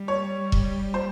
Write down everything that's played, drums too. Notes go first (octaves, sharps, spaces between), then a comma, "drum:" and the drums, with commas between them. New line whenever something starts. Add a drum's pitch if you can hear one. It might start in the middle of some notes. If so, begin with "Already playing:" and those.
Already playing: G3
C#5
drum: kick E1
C5